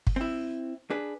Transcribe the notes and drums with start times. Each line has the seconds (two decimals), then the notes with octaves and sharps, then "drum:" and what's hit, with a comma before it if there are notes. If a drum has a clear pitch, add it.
0.07 drum: kick
0.16 C4 E4
0.90 D4 G#4 B4